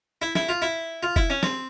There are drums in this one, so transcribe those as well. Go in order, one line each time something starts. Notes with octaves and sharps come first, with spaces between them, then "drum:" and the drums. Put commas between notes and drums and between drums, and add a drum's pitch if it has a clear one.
E4
E4, drum: snare
F4
E4
F4
E4, drum: kick
C#4
C4, drum: snare